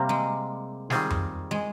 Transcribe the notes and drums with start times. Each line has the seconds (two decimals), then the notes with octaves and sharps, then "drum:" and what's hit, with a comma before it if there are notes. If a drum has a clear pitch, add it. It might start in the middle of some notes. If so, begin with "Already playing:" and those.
Already playing: C3 G3 A#3 C4
0.09 G#3
0.90 D#3 G3 C4 F4 G#4, drum: snare
1.10 drum: tom F2
1.51 G#3